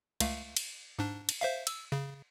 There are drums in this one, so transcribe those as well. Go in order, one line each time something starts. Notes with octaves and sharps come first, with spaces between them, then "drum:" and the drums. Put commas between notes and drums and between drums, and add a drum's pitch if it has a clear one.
C#2 A3 F5, drum: cymbal
drum: cymbal
G#2 D4
drum: cymbal
C5 E5 F5
E6, drum: cymbal
C#3